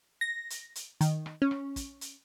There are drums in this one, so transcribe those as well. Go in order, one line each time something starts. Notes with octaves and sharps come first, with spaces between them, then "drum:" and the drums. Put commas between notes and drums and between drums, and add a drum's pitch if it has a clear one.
A#6
drum: hi-hat
drum: hi-hat
D#3, drum: hi-hat
drum: rim click
C#4
drum: rim click
drum: kick, hi-hat
drum: hi-hat